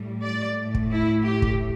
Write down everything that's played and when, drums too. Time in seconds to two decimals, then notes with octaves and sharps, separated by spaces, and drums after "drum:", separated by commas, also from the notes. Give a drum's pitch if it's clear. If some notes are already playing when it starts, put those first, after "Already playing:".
Already playing: A2 G3
0.24 D5
0.58 A2 A3
0.74 drum: kick
0.92 E4
1.25 G4
1.42 drum: kick